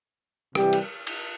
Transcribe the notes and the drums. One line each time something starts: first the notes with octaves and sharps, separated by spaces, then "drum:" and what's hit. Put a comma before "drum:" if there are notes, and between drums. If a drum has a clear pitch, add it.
C3 E3 G3 G4, drum: rim click
drum: cymbal
drum: cymbal